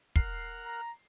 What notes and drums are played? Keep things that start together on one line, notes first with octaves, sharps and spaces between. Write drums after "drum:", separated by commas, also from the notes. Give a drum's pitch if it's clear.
A#4 F#5 F6 C7, drum: kick
A#5